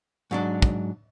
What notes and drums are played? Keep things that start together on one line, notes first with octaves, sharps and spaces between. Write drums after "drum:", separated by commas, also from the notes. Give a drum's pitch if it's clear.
G#2 F#3 D4
drum: kick